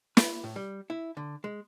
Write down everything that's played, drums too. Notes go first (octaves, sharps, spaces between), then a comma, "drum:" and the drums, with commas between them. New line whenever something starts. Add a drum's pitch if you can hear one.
B4, drum: snare
A2
G3
E4
D3
G#3